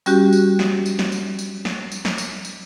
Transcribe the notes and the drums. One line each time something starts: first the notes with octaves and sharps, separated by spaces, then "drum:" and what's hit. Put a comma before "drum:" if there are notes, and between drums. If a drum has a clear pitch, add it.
G3 C#4 F#4 G4, drum: tambourine
drum: tambourine
drum: snare
drum: tambourine
drum: snare
drum: tambourine
drum: tambourine
drum: snare
drum: tambourine
drum: snare
drum: tambourine
drum: tambourine